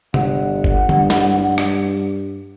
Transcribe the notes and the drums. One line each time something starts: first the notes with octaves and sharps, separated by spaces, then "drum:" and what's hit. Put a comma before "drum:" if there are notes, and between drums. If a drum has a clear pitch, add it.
G1 F#5, drum: tom C3
drum: kick
G2, drum: tom D3
drum: snare
drum: rim click